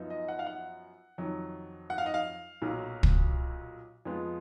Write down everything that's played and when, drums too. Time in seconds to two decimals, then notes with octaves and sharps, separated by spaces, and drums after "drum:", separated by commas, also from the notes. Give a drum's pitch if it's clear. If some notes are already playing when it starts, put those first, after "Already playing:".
Already playing: F#2 F3 B3 D#4
0.10 D#5
0.28 F#5
0.39 F5
0.46 F#5
1.18 F2 D#3 F#3
1.90 F#5
1.98 F5
2.06 D#5
2.14 F5
2.62 B1 A#2 F#3
3.03 drum: kick
4.05 F2 F3 G#3 B3